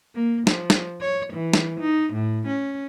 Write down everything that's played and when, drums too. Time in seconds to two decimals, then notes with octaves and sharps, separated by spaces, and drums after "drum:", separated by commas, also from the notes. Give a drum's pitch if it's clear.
0.15 A#3
0.47 F3, drum: snare
0.70 drum: snare
1.01 C#5
1.33 E3
1.53 drum: snare
1.80 D#4
2.13 A2
2.47 C#4